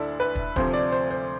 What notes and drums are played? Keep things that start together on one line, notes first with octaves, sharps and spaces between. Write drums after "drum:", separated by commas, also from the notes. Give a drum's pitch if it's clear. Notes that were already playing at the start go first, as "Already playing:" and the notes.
Already playing: D2 D3 D4 E4 A4
B4
drum: kick
D2 C3 F3 C5, drum: kick
D5
C5
C5